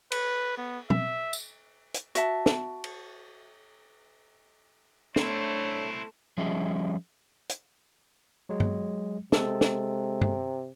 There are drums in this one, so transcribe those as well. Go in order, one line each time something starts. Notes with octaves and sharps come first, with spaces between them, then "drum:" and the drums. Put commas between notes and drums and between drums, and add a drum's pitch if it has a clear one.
B4, drum: cymbal
B3
E5, drum: tom
drum: tambourine
drum: hi-hat
F#4 E5 A5, drum: hi-hat
drum: snare
drum: cymbal
A3 C4 D4 E4 C#5, drum: snare
F3 G3 C#4 G#4 D#5 E5
drum: hi-hat
F#3 G#3
drum: tom
C3 G#3 A4, drum: snare
drum: snare
drum: tom